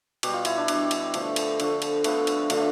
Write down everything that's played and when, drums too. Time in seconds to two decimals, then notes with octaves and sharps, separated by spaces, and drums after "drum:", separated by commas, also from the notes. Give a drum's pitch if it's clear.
0.23 B2 G3 G4, drum: cymbal
0.34 F4
0.45 E4, drum: cymbal
0.57 D4
0.68 B2 G3 D4, drum: cymbal
0.91 drum: cymbal
1.14 D3 F3 A3, drum: cymbal
1.36 drum: cymbal
1.60 D3 F3 A3, drum: cymbal
1.82 drum: cymbal
2.04 D3 F3 A3 B3, drum: cymbal
2.27 drum: cymbal
2.50 D3 F3 A3, drum: cymbal